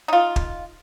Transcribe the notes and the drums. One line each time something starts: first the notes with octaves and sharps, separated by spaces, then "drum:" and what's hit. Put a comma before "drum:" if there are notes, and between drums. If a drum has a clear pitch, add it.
D#4 F4
drum: kick